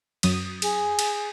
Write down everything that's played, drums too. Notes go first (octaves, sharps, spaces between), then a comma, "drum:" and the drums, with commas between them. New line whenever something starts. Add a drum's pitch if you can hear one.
F#2 F#3 D#6, drum: cymbal
G#4, drum: cymbal
drum: cymbal